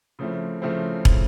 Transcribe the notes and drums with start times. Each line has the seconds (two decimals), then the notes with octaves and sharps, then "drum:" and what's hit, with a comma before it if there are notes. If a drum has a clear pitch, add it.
0.19 C#3 F3 A3 C4 E4
0.62 C#3 F3 A3 C4 E4
1.05 drum: kick